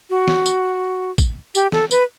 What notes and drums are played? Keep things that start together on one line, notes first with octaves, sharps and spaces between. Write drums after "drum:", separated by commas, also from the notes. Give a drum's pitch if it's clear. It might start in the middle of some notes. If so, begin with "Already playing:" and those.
F#4
drum: snare
drum: tambourine
drum: kick, tambourine
G4, drum: tambourine
A4, drum: snare
B4, drum: tambourine